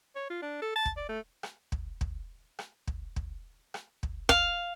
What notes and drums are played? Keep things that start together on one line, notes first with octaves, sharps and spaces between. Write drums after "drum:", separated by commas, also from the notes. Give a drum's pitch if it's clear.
C#5
F4
D4
A4
A5
drum: kick
D5
A3
drum: rim click
drum: kick
drum: kick
drum: rim click
drum: kick
drum: kick
drum: rim click
drum: kick
F5, drum: kick